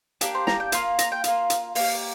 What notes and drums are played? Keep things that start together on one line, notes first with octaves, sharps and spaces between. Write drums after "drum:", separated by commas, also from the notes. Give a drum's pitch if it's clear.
A#3 D4 G4 G5, drum: hi-hat
C5
A#5, drum: snare
G5
A#3 F4 F5, drum: hi-hat
A#5, drum: hi-hat
G5
A#3 F4, drum: hi-hat
drum: hi-hat
A#3 G4 F5, drum: open hi-hat